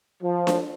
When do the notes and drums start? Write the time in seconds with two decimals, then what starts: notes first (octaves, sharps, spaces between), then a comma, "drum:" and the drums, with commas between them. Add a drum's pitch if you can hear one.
0.22 F3
0.47 drum: snare D4